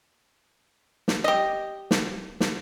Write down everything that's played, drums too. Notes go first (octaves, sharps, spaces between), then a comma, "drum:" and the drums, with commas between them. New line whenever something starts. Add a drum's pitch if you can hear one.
drum: snare
G4 D#5
drum: snare
drum: snare